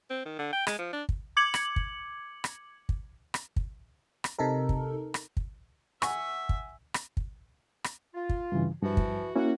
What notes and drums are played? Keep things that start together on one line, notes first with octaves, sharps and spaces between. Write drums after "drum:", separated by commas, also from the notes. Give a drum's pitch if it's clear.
C4
D#3
D3
G5
G#3, drum: rim click
F3
D4
drum: kick
D6 G#6 C#7 F#7
drum: rim click
drum: kick
drum: rim click
drum: kick
drum: rim click
drum: kick
drum: rim click
C3 D#4 A4 A#4
drum: kick
drum: rim click
drum: kick
E5 F#5 G#5 C#6, drum: rim click
drum: kick
drum: rim click
drum: kick
drum: rim click
F4
drum: kick
G2 C#3 E3
G2 E3 F3 F#4
drum: kick
A#3 C#4 E4 F#4